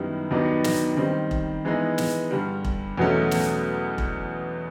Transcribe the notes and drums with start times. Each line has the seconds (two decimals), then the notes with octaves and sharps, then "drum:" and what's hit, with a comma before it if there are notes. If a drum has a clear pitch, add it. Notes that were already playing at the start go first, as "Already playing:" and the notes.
Already playing: F#2 D#3 G3 B3 E4
0.31 D#2 D#3 F#3 B3 D4
0.64 drum: snare
0.97 D#3 G3 C4
1.31 drum: kick E1
1.65 E3 G#3 B3 D#4
1.98 drum: snare
2.31 G2 D3 G3
2.65 drum: kick E1
2.98 E2 B2 F#3 A3 C#4
3.31 drum: snare
3.98 drum: kick E1